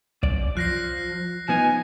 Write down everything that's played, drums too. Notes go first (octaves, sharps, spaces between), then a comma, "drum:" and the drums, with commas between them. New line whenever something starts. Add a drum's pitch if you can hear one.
F#2 D5, drum: kick
F3 F#6 A#6 C7
F3 B3 D#4 G#5